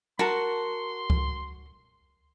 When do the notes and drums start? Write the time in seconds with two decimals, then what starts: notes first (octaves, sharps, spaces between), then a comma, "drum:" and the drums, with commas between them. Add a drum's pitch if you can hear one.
0.19 F#4 A#4 A5 C6
1.10 drum: kick C#2